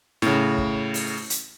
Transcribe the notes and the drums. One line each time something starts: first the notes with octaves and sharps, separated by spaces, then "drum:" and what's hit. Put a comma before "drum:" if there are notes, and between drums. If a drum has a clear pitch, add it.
A2 C#3, drum: snare
drum: kick
drum: open hi-hat
drum: hi-hat